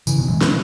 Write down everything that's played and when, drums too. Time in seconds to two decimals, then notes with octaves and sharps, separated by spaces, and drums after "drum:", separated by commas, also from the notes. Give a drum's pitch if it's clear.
0.07 C#3 E3, drum: tambourine
0.18 B2 D#3
0.30 E3 G#3
0.41 drum: snare